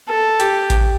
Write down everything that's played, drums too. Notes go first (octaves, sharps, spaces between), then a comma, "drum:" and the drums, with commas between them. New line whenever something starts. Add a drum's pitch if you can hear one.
A4
G4, drum: hi-hat
drum: kick A1, hi-hat